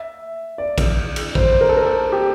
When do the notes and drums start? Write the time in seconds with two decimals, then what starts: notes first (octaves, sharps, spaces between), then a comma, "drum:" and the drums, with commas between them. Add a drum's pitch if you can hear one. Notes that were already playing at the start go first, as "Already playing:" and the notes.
Already playing: E5
0.58 D5
0.78 drum: kick A1, cymbal
1.16 drum: cymbal
1.35 C5, drum: kick A1
1.61 A#4
1.69 A4
1.77 A#4
1.86 A4
2.12 G4